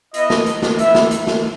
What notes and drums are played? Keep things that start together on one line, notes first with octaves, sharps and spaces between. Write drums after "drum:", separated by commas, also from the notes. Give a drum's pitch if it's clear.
B3 E4 D#5, drum: hi-hat
drum: snare
drum: hi-hat
drum: snare
B3 E4 E5, drum: hi-hat
drum: snare
drum: hi-hat
drum: snare